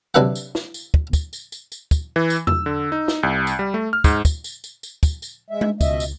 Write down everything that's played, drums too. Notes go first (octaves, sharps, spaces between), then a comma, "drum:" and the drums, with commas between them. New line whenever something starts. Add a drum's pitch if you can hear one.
C3 F#3 D4 B4 E5 F#5
drum: tambourine
drum: snare
drum: tambourine
drum: kick
drum: kick, tambourine
drum: tambourine
drum: tambourine
drum: tambourine
drum: kick, tambourine
E3
drum: tambourine
E6, drum: tom E2
D3
D#4
drum: snare
C2
drum: tambourine
G3
A3
F6
G#2, drum: kick, tambourine
drum: kick, tambourine
drum: tambourine
drum: tambourine
drum: tambourine
drum: kick, tambourine
drum: tambourine
G#3 E5
drum: tom G#3
C#2 B2 D#5 E5, drum: kick, tambourine
drum: tambourine